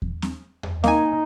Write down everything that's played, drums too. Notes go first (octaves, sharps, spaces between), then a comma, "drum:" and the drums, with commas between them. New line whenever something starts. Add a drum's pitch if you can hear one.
drum: kick E2
drum: snare C4
drum: tom E2
A#3 D#4 G#5, drum: snare C4